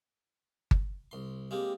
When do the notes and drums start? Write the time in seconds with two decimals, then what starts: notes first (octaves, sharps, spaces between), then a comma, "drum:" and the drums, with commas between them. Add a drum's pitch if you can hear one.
0.71 drum: kick G1
1.11 C2 C6
1.51 G#3 A#3 C4 G4